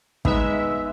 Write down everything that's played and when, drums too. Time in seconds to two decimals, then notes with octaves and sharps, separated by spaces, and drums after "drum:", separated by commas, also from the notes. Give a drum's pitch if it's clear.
0.25 G#3 B3 D#4 E5, drum: kick